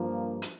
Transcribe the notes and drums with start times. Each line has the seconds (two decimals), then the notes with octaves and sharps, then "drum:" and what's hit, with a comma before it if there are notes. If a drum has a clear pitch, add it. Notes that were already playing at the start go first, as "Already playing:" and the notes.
Already playing: G2 F3 A#3
0.42 drum: hi-hat